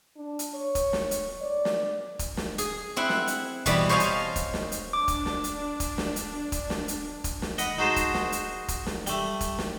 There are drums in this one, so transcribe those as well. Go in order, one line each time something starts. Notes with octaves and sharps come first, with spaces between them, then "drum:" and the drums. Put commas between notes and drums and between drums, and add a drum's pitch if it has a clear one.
D4
drum: hi-hat
C#5
drum: kick, hi-hat
drum: snare
drum: hi-hat
D5
drum: snare
drum: kick, hi-hat
drum: snare
G#4, drum: hi-hat
C4 E4 F#5
drum: snare
drum: hi-hat
B2 E3 G3 B3, drum: kick, hi-hat
C5 C#5 D#5 F5 G#5 A5
drum: hi-hat
drum: kick, hi-hat
drum: snare
drum: hi-hat
D4 D6
drum: kick, hi-hat
drum: snare
drum: hi-hat
drum: kick, hi-hat
drum: snare
drum: hi-hat
drum: kick, hi-hat
drum: snare
drum: hi-hat
drum: kick, hi-hat
drum: snare
D#5 F#5 B5, drum: hi-hat
D#4 F#4 G#4 C5 A5
drum: kick, hi-hat
drum: snare
drum: hi-hat
drum: kick, hi-hat
drum: snare
G3 A3, drum: hi-hat
drum: kick, hi-hat
drum: snare